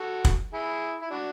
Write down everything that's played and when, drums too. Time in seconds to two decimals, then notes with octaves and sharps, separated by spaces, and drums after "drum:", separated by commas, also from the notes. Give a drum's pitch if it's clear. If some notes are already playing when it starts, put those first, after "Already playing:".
Already playing: F#4 A4
0.25 drum: kick
0.53 E4 G#4
1.02 E4
1.10 D4 F#4